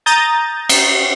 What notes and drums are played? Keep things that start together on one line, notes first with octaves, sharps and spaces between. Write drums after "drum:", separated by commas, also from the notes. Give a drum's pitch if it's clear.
A#5 D#6 G6 A6
drum: cymbal